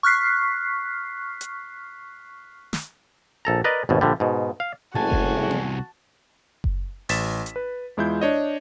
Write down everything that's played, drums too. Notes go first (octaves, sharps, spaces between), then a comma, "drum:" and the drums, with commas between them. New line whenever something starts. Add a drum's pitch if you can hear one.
C#6 F6 F#6 B6 C7
drum: hi-hat
drum: snare
A#1 A4 A#5
A#4 B4 D5 D#5
G#1 D#2 B2
A#1 D3 G3
G#2 B2
F5
F#1 C2 A2 F#4 G#5 A5
drum: kick F#1
drum: tom B3
drum: kick F#1
A1 A6 B6 E7, drum: open hi-hat
drum: hi-hat
B4
E2 G#3 E4 F4 G6
D4 C#5 D#5